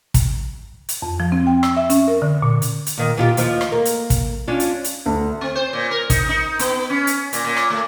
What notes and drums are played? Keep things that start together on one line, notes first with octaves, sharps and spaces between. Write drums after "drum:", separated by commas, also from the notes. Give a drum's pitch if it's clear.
drum: kick, hi-hat
drum: hi-hat
F2
F3
C4
G5
E6, drum: rim click
E5
C#4, drum: hi-hat
A#4
D3
A#2
drum: hi-hat
drum: hi-hat
A#2 D#3
A#2 F4 G4
D#2 F3, drum: hi-hat
drum: rim click
A#3
drum: hi-hat
drum: kick, hi-hat
C#4 D4 F4
drum: hi-hat
drum: hi-hat
D2
C4
C5
A#2
A#4
D#4, drum: kick, hi-hat
D#4
B3, drum: hi-hat
C#4
drum: hi-hat
A#2, drum: hi-hat
A#2
drum: rim click
A3